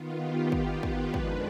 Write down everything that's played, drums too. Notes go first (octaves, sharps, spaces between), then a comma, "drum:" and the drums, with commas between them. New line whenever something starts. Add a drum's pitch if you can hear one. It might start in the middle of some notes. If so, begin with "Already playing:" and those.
Already playing: D#3 B3 F4
G4
G4, drum: kick
B4, drum: kick
F2 D#3 G#3 D4 B4, drum: kick